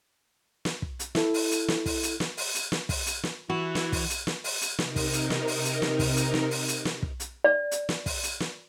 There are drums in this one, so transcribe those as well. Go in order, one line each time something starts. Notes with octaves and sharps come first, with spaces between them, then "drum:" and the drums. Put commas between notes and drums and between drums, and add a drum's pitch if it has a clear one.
drum: snare
drum: kick
drum: hi-hat
E4 A4, drum: snare
drum: open hi-hat
drum: hi-hat
drum: snare
drum: kick, open hi-hat
drum: hi-hat
drum: snare
drum: open hi-hat
drum: hi-hat
drum: snare
drum: kick, open hi-hat
drum: hi-hat
drum: snare
E3 E4 F#4
drum: snare
drum: kick, open hi-hat
drum: hi-hat
drum: snare
drum: open hi-hat
drum: hi-hat
C3 D#4 A#4, drum: snare
drum: kick, open hi-hat
drum: hi-hat
drum: snare
drum: open hi-hat
drum: hi-hat
drum: snare
drum: kick, open hi-hat
drum: hi-hat
drum: snare
drum: open hi-hat
drum: hi-hat
drum: snare
drum: kick
drum: hi-hat
D5
drum: hi-hat
drum: snare
drum: kick, open hi-hat
drum: hi-hat
drum: snare